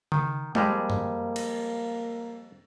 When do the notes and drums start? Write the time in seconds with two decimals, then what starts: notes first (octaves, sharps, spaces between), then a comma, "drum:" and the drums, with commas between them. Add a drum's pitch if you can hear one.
0.12 D#3, drum: tom C#3
0.55 F2 G3 G#3 A#3, drum: tom G#3
0.90 drum: tom F#2
1.36 drum: cymbal